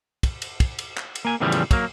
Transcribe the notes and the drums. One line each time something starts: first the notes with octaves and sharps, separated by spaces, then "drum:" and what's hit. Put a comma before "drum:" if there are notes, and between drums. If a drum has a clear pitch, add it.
drum: kick, cymbal
drum: cymbal
drum: kick, cymbal
drum: cymbal
drum: clap
drum: cymbal
A#3 G#5
E2 A2 C#3 E3 F3 G3
drum: cymbal
F#3 A#3, drum: kick, cymbal